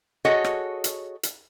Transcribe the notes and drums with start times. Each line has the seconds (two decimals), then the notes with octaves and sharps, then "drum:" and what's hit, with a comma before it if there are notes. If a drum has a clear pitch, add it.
0.25 F#4 G#4 A4 C#5 D#5 F#5
0.44 drum: rim click
0.84 drum: hi-hat
1.23 drum: hi-hat